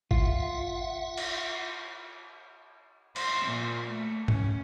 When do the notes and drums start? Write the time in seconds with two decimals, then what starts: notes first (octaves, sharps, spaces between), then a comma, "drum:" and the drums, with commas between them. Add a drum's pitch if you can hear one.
0.11 F4 E5 F#5, drum: kick G#1
1.18 drum: cymbal
3.16 C5, drum: cymbal
3.47 A#2
3.88 A3
4.28 C#4, drum: tom G#2